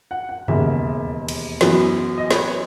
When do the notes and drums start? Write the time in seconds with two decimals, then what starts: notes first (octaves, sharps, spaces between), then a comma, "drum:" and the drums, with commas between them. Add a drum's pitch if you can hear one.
0.11 F#5
0.29 F#5
0.48 E1 D#2 C#3 E5, drum: tom G2
1.29 drum: cymbal
1.61 F#2 E3 B3, drum: snare
2.18 D#5
2.31 B4, drum: snare
2.36 C#5